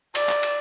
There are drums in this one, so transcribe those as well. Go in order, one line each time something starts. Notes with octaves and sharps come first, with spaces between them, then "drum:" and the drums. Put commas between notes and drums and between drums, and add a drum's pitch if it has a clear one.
D5, drum: cymbal
drum: clap
drum: cymbal